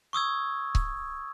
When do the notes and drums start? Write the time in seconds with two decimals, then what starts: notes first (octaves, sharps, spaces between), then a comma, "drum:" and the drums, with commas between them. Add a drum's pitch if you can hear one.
0.13 C#6 D#6 E6 G#6
0.75 drum: kick C#1